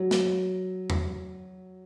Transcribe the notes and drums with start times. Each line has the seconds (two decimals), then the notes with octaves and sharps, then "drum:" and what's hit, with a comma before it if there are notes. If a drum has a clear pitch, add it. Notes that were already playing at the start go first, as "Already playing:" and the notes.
Already playing: F#3
0.11 drum: snare
0.90 drum: tom E2